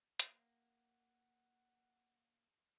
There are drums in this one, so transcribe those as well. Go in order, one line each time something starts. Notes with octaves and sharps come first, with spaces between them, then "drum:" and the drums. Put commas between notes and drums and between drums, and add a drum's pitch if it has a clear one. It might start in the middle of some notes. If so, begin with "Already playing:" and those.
A#3 F#5, drum: hi-hat